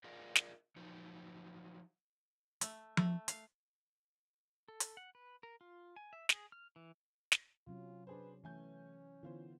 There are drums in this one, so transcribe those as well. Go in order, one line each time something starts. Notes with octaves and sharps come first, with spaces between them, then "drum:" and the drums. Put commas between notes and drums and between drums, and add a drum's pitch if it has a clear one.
F4 G#4 A#4 D5 D#5 F5
drum: snare
F3 F#3 D#4
A3, drum: hi-hat
A3, drum: tom F3
F5, drum: hi-hat
A4
drum: hi-hat
F#5
B4
A#4
F4
G#5
E5
G#4, drum: snare
F6
E3
drum: snare
C3 F#3 C#4 F4
D4 G#4 B4 C5
E3 A3 C#4 G#5 G6
D3 E3 B3 F4 C5